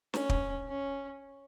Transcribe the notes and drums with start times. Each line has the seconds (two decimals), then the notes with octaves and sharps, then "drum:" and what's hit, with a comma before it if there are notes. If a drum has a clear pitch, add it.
0.14 C#4, drum: snare
0.29 drum: kick
0.69 C#4